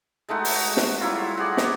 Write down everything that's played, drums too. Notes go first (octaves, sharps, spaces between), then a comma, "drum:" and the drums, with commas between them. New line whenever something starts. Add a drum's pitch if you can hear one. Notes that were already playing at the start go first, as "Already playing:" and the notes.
G#3 A3 D#4 F#4
drum: open hi-hat
drum: snare
F#3 G3 E4 F4
F#4 G#4 D5
drum: snare